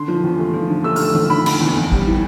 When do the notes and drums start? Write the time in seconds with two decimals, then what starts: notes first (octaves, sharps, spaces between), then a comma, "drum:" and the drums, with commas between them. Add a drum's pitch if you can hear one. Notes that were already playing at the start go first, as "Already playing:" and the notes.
Already playing: D3 C6
0.08 F3
0.24 E2
0.38 A3
0.54 F3
0.70 D3
0.84 A3 E6
0.96 F6, drum: open hi-hat
1.00 A3
1.08 E6
1.15 D3, drum: tom E3
1.30 D3 B5
1.46 D3, drum: cymbal
1.60 E2
1.77 F2
1.92 G3, drum: kick
2.07 E3